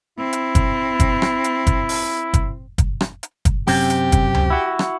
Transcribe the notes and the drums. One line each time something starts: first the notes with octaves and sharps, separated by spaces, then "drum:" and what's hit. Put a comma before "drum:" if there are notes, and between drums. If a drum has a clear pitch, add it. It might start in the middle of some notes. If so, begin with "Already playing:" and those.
C4 E4
drum: hi-hat
drum: kick, hi-hat
drum: kick, hi-hat
drum: rim click
drum: hi-hat
drum: kick, hi-hat
drum: open hi-hat
drum: kick, hi-hat
drum: kick, hi-hat
drum: rim click
drum: hi-hat
drum: kick, hi-hat
F#2 C3 C4 G4, drum: open hi-hat
drum: hi-hat
drum: kick, hi-hat
drum: tom C#2
E4 F#4
drum: rim click